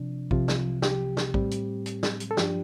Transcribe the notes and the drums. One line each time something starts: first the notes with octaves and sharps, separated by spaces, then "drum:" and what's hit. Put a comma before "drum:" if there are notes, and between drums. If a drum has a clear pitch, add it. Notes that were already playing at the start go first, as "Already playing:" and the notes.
Already playing: C3 F3 D4
C2 C3 F3 F4, drum: kick
drum: snare
G4, drum: snare
drum: snare
A2 G3 C4, drum: kick
drum: hi-hat
drum: hi-hat
drum: snare
drum: hi-hat
A4
G2 F3 D4 G4, drum: snare